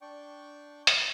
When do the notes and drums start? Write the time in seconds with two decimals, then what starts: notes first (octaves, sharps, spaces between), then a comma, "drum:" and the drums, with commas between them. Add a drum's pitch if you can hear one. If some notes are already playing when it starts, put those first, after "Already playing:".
0.01 D4 D5 G5 C#6
0.87 drum: hi-hat